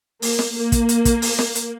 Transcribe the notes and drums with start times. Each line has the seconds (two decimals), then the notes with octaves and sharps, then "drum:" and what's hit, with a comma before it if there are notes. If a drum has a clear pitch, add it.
0.22 A#3, drum: open hi-hat
0.39 drum: snare
0.56 A#3
0.72 drum: kick, hi-hat
0.89 drum: hi-hat
1.05 drum: kick, hi-hat
1.22 drum: open hi-hat
1.39 drum: snare
1.55 drum: hi-hat